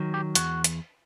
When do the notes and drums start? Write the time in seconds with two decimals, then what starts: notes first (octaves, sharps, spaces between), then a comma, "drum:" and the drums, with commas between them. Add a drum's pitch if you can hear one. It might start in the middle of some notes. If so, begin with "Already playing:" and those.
Already playing: D#3 F#3
0.14 G4
0.35 E2 F#4, drum: hi-hat
0.64 drum: hi-hat